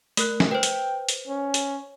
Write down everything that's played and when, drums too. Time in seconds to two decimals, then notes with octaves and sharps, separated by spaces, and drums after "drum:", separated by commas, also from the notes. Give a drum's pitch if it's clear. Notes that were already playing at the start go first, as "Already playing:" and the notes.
0.17 A3 A#4 F#6, drum: hi-hat
0.40 drum: snare
0.51 B4 C5 G5
0.63 drum: hi-hat
1.09 drum: hi-hat
1.28 C#4
1.54 drum: hi-hat